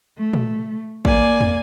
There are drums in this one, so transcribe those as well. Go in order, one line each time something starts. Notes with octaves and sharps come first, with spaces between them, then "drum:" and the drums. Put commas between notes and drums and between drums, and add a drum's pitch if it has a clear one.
A3
drum: tom A#2
A#3 D5 G#5, drum: kick
drum: tom